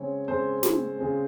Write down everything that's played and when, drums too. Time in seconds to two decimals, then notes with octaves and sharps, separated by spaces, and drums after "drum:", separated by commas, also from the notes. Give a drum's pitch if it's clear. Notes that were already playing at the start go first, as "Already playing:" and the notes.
Already playing: C#3 G#3 C4 C#5
0.28 C#3 G#3 C4 C5
0.63 drum: snare
0.98 C#3 G#3 C4